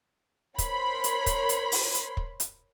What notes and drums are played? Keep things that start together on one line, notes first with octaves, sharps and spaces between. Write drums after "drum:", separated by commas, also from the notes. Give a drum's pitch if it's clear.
A#4 C5 C#5 B5 C6, drum: kick, hi-hat
drum: hi-hat
drum: kick, hi-hat
drum: hi-hat
drum: open hi-hat
drum: hi-hat
drum: kick
drum: hi-hat